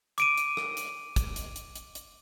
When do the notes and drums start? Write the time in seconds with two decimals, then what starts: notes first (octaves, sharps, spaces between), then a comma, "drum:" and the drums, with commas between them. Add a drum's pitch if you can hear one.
0.18 D6 D7 D#7, drum: hi-hat
0.37 drum: hi-hat
0.57 drum: rim click
0.77 drum: hi-hat
1.16 drum: kick, hi-hat
1.36 drum: hi-hat
1.56 drum: hi-hat
1.76 drum: hi-hat
1.95 drum: hi-hat